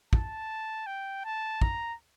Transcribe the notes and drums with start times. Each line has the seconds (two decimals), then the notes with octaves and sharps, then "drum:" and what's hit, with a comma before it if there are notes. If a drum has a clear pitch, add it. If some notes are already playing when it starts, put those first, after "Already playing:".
0.13 A5, drum: kick
0.87 G5
1.25 A5
1.61 A#5, drum: kick